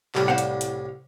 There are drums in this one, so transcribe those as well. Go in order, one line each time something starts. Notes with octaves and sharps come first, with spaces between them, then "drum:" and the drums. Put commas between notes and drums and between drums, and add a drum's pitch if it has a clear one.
C2 A2 G3, drum: clap
C5 F5 F#5
drum: hi-hat
drum: hi-hat